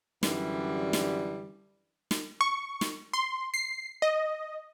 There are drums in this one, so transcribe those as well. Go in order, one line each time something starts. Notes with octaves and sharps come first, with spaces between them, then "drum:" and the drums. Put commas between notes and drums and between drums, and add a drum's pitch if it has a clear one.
F#2 D3 E3 G3, drum: snare
drum: snare
drum: snare
C#6
drum: snare
C6
C7
D#5